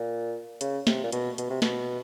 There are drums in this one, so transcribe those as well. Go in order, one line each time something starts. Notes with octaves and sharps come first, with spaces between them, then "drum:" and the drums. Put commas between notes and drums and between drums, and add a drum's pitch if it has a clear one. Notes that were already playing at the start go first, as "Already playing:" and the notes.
Already playing: A#2
C#3, drum: hi-hat
C3, drum: snare
A#2
B2, drum: hi-hat
B2, drum: hi-hat
C3
B2, drum: snare